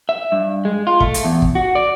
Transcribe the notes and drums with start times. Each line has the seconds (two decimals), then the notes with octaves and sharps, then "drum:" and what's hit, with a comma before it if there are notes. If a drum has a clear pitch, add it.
0.09 E5
0.32 G2
0.65 G#3
0.87 F4
1.00 A3, drum: kick
1.14 drum: hi-hat
1.24 E2
1.42 drum: kick
1.55 F#4
1.75 D5